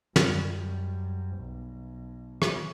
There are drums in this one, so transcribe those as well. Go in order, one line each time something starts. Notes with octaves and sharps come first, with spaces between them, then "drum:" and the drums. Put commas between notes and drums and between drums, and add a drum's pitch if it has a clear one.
F#2 G3, drum: snare
B1
drum: rim click